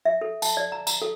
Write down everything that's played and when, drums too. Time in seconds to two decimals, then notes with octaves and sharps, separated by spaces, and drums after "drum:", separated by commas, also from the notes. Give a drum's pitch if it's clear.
0.05 E5
0.21 A4
0.42 A5, drum: tambourine
0.57 D5
0.72 A#5
0.87 A#5, drum: tambourine
1.02 A4